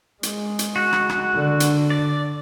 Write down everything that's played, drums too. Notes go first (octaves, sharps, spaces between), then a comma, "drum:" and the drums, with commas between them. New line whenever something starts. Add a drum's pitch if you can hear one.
G#3, drum: hi-hat
drum: hi-hat
F#4
drum: rim click
drum: rim click
D3
drum: hi-hat
D5